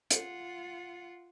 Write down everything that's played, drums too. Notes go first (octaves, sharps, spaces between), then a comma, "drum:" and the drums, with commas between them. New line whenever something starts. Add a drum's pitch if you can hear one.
F4 F#5, drum: hi-hat